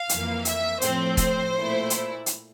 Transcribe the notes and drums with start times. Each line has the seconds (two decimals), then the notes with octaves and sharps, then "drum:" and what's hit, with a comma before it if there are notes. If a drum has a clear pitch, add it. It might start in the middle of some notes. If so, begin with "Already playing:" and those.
Already playing: F5
0.09 F2 E3 A#3, drum: hi-hat
0.45 E5, drum: hi-hat
0.81 A2 F3 C4 C5, drum: hi-hat
1.17 C5, drum: kick, hi-hat
1.54 A#2 A3 E4
1.90 drum: hi-hat
2.26 drum: hi-hat